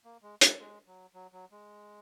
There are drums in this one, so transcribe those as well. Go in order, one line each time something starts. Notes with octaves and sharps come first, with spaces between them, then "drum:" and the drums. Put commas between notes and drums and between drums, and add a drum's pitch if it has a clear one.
A#3
G#3
A#3, drum: hi-hat
G#3
F#3
F#3
F#3
G#3